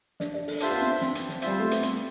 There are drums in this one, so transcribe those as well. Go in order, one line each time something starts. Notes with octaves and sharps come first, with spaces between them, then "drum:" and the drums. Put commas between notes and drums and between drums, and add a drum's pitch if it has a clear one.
D4, drum: snare
D4
A4, drum: open hi-hat
D4 F4 G4 C5 E5, drum: hi-hat
B3
C4
D4
C4, drum: snare
drum: hi-hat
drum: snare
G3 F4 C5 E5, drum: hi-hat
A3
B3, drum: hi-hat
C4, drum: hi-hat